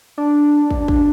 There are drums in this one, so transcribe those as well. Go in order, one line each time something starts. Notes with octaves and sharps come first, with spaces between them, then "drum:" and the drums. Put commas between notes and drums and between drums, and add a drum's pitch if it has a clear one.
D4
drum: kick
drum: kick